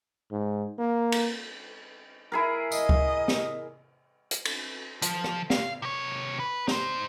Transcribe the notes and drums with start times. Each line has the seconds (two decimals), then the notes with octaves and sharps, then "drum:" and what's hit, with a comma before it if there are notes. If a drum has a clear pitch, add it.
0.32 G#2
0.79 A#3
1.12 drum: cymbal
2.32 E4 G#4 A#4
2.72 D#5, drum: tambourine
2.89 drum: kick C#2
3.28 drum: snare
4.31 drum: hi-hat
4.45 drum: cymbal
5.02 F3, drum: hi-hat
5.24 drum: rim click
5.50 F5, drum: snare
5.82 C3 C#5
6.40 B4
6.68 D#4 C5, drum: snare